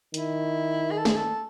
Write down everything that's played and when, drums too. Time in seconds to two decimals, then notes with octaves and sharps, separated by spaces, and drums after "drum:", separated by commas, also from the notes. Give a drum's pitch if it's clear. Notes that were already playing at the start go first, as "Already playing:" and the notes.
0.14 D#3 E4, drum: hi-hat
0.91 G#4
0.97 A4
1.05 G#4, drum: snare
1.16 A4